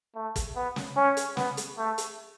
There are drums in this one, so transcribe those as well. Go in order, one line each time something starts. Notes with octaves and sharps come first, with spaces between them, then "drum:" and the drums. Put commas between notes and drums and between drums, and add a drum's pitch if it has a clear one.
A3
drum: kick, hi-hat
B3
drum: snare
C#4
drum: hi-hat
B3, drum: snare
drum: hi-hat
A3
drum: hi-hat